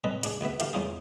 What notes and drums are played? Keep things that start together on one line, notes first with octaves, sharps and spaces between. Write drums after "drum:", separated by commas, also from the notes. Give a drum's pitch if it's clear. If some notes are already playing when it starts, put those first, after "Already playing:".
C4 C#4 A4 B4 D#5
G#2 D4 G#4, drum: hi-hat
D2 G#2 B3 E5
D3 E3 A3 G4 F5, drum: hi-hat
E2 A2 C#3 G#3 D#4 G#4